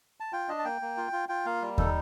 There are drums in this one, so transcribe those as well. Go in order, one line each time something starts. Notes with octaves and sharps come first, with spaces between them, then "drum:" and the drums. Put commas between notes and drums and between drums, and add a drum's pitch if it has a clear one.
A5
F4 G5
D4 D#5
A5
A#3 G5
A#3
F4
F4
F4 G5
A#3 F5
G3
D#4 A4, drum: kick D#2